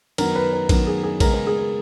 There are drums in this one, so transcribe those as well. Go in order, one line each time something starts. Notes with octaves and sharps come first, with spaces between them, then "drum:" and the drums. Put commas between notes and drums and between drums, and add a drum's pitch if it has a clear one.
F#2 D#3 F#3 B3 A#4, drum: cymbal
B4
A#4
F#2 D#3 F#3 B3 A#4, drum: kick A#1, cymbal
G#4
G#4
C#3 G#3 B3 A#4, drum: kick A#1, cymbal
A#4
G#4
A#4